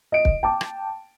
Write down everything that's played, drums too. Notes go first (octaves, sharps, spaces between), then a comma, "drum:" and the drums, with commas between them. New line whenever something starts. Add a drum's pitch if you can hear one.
D#5 D7
drum: kick
G5 A5 D6
drum: rim click